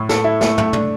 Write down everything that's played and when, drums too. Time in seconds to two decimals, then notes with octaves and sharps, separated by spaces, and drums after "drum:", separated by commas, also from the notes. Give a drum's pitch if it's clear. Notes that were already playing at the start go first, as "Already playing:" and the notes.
Already playing: A2
0.09 A4, drum: snare
0.24 E4
0.41 A3, drum: snare
0.58 A3, drum: tom
0.73 D4, drum: tom